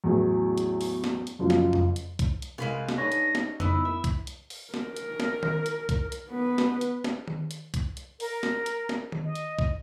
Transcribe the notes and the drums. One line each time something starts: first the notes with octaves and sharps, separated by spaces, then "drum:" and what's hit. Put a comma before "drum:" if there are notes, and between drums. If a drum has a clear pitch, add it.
E2 A2 F#3 B3
drum: hi-hat
drum: open hi-hat
drum: snare
drum: hi-hat
F#1 F#2 F3
drum: snare
drum: tom F2
drum: hi-hat
drum: kick, hi-hat
drum: hi-hat
C2 G#3 B4 F5
drum: snare
D4 D#4 C#5 A#6
drum: hi-hat
drum: snare
B3 D#4 E4 E6, drum: tom F2
E5
drum: kick, hi-hat
drum: hi-hat
drum: open hi-hat
A#4, drum: snare
drum: hi-hat
drum: snare
drum: tom D#3
drum: hi-hat
drum: kick, hi-hat
drum: hi-hat
B3 B4
drum: snare
drum: hi-hat
drum: snare
drum: tom D#3
drum: hi-hat
drum: kick, hi-hat
drum: hi-hat
A#4, drum: open hi-hat
drum: snare
drum: hi-hat
drum: snare
drum: tom D#3
D#5
drum: hi-hat
drum: kick